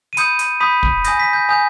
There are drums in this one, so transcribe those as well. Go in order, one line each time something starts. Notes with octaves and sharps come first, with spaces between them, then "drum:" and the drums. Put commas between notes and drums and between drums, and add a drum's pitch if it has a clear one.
D#7
B5 D#6 G6 C#7, drum: hi-hat
drum: hi-hat
B5 D#6 G6 B6
drum: kick
G#5 D#6 G6 A#6, drum: hi-hat
B6
G6
G#5 D#6 G6